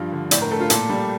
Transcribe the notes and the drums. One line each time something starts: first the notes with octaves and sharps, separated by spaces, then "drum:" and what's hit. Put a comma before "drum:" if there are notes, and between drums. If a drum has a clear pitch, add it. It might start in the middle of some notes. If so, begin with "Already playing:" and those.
Already playing: G2 F3
D3
A2 D5, drum: hi-hat
A#4
A3 A4
F4
A#2 A4, drum: hi-hat
G3